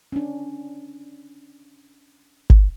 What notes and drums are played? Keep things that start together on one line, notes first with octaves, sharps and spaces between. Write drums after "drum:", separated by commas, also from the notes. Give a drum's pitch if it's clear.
C#4 D4
drum: kick G1